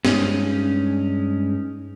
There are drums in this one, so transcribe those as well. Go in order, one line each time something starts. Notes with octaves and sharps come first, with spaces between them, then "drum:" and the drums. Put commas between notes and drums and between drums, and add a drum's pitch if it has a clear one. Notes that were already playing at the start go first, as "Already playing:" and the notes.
G2 G#3 C#4 D#4, drum: snare